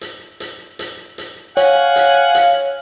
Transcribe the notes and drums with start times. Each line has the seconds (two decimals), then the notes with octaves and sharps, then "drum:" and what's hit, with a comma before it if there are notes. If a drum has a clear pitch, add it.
0.01 drum: hi-hat
0.40 drum: hi-hat
0.79 drum: hi-hat
1.18 drum: hi-hat
1.57 C#5 F5 F#5 G#5, drum: hi-hat
1.96 drum: hi-hat
2.35 drum: hi-hat